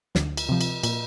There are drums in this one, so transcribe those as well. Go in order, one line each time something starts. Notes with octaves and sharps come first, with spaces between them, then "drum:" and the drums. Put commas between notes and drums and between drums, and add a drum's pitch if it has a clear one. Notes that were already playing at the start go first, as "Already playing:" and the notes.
D2, drum: snare
drum: cymbal
C3 F3
drum: cymbal
A#2, drum: cymbal